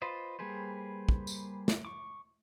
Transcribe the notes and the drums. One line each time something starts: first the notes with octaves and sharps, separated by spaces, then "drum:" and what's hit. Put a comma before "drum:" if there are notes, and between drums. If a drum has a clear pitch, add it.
F4 B4 C5 D#5
G3 A#3 G#4 B4 C5
drum: kick
drum: tambourine
drum: snare
C#6 D6